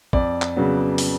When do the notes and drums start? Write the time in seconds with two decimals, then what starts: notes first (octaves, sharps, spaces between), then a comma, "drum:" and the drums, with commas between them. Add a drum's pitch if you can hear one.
0.13 F2 D5, drum: kick
0.42 drum: clap
0.56 C#3 F#3 B3
0.98 drum: open hi-hat